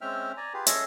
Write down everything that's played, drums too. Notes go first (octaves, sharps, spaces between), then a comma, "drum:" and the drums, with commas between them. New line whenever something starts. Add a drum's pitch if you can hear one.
G#3 C4 C#4 E5 G5 F6
D5 G#5 A#5
F4 G4 G#4 B4
C#4 G#4 A4 C#5 D#5 E5, drum: hi-hat